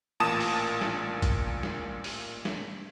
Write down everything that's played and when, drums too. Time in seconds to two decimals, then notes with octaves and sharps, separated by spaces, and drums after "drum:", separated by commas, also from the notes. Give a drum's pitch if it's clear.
0.20 A1 A#2 A5 D#6 E7
0.40 drum: open hi-hat
0.81 drum: snare
1.22 drum: kick, hi-hat
1.63 drum: snare
2.04 drum: open hi-hat
2.45 drum: snare